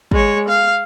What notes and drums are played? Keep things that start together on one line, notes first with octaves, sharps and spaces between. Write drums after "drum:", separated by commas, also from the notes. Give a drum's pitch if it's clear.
G#3 C#5, drum: kick
F5